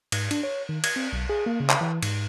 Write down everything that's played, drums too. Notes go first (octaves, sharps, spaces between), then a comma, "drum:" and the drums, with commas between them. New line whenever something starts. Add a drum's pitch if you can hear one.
G#2, drum: cymbal
D4, drum: cymbal
C#5
D#3
G#6, drum: cymbal
C4
B1
G#4
A#3
C#3
drum: clap
E3
G#2, drum: cymbal